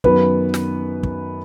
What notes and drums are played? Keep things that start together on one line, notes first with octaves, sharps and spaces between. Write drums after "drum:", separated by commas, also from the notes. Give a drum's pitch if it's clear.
F#2 D#3 F#3 B3 B4, drum: kick
drum: snare
drum: kick